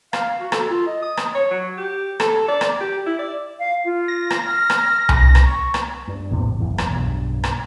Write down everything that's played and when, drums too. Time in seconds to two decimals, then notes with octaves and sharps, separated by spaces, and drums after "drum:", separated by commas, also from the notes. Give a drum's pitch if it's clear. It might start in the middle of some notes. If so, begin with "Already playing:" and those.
0.13 F5, drum: rim click
0.40 F#4
0.52 A4, drum: rim click
0.70 F4
0.86 D#5
1.02 D#6
1.17 drum: rim click
1.35 C#5
1.51 F#3
1.78 G4
2.20 A4, drum: rim click
2.48 D5
2.61 drum: rim click
2.81 G4
3.06 E4
3.19 D5
3.59 F5
3.85 F4
4.08 A#6
4.30 drum: rim click
4.44 F6
4.70 drum: rim click
5.09 drum: tom C2
5.35 drum: rim click
5.45 C#6
5.74 drum: rim click
6.08 G2
6.31 A#1 E2 A2 C3
6.60 F#1 E2
6.78 drum: rim click
6.90 B1 G2
7.44 drum: rim click